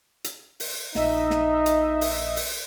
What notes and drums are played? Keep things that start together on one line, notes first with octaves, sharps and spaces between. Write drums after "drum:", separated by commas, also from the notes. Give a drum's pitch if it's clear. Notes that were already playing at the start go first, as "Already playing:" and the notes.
drum: hi-hat
drum: open hi-hat
A#1 D#4 D#5 E5, drum: snare
drum: snare
drum: hi-hat
drum: open hi-hat
drum: open hi-hat